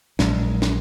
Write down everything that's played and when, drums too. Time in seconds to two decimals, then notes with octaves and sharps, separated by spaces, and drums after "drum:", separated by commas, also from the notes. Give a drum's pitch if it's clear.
0.19 A#1 A#2 F#3 G#3, drum: snare
0.62 drum: snare